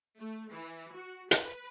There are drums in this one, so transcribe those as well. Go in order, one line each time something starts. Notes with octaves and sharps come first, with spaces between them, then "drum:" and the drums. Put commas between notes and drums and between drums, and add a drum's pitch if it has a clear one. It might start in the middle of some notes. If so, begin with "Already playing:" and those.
A3
E3
F#4
B4, drum: hi-hat